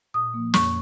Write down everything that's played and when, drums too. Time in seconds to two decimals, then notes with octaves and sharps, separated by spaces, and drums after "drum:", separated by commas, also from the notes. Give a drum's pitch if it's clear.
0.14 A#2 D#6
0.34 F3 A#3
0.54 F2 C#6, drum: snare